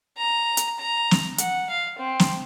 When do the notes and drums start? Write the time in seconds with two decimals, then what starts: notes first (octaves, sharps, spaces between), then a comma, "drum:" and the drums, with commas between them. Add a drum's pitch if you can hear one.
0.18 A#5
0.57 drum: hi-hat
0.79 A#5
1.11 drum: snare
1.38 F#5, drum: hi-hat
1.70 F5
1.99 C4
2.19 drum: snare